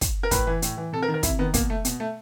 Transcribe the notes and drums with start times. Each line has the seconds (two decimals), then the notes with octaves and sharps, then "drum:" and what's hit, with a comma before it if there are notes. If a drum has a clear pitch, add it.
0.01 drum: kick, hi-hat
0.23 A#4
0.31 A2 B4, drum: kick, hi-hat
0.47 E3
0.62 A2, drum: hi-hat
0.77 E3
0.93 C3 A4
1.02 A#4
1.08 D#3
1.14 A#4
1.23 C3 E4, drum: kick, hi-hat
1.39 D#3 B3
1.54 B2 A#3, drum: kick, hi-hat
1.70 A3
1.85 B2, drum: hi-hat
2.00 A3